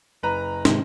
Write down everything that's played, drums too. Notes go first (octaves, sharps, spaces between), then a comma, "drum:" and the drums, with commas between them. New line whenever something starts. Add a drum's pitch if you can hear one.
F#1 B4 A#5
G#2 C3 D#3, drum: snare